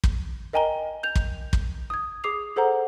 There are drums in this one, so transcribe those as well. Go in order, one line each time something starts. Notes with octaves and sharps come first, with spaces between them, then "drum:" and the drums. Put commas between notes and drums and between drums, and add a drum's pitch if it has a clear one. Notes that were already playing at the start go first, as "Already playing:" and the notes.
drum: kick
A#4 D#5 G5 G#5 A#5 G7
G6 F7
drum: kick
drum: kick
D#6 G#6
G#4 D6 D#6 C7 F7
G#4 A4 C5 F#5 A#5